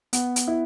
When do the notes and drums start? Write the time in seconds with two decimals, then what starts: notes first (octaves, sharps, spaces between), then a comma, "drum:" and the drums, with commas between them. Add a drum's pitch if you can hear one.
0.13 B3, drum: hi-hat
0.36 drum: hi-hat
0.48 E4